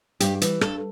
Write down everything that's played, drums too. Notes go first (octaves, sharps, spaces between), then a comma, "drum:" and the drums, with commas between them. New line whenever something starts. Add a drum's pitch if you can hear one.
G2 G4, drum: hi-hat
E3, drum: hi-hat
G2 A4, drum: rim click